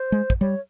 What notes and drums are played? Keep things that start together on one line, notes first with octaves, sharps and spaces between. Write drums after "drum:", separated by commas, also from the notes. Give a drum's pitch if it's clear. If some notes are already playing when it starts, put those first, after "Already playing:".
Already playing: C5
G#3
drum: kick
G3 C#5